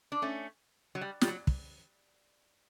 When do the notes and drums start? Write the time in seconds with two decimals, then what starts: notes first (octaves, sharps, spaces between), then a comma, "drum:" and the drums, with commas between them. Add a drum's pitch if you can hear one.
0.12 D4
0.22 A3 C#4
0.95 F#3
1.01 G3
1.21 G3, drum: snare
1.28 F#3
1.47 drum: kick